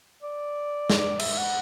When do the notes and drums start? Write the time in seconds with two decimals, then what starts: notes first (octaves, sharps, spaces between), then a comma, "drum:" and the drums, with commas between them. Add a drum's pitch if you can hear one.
0.23 D5
0.90 drum: snare
0.99 D5
1.19 E5, drum: cymbal
1.38 F#5